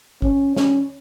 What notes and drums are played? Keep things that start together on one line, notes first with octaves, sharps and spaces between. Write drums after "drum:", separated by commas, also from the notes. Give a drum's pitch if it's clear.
C#4, drum: kick A1
C#4, drum: snare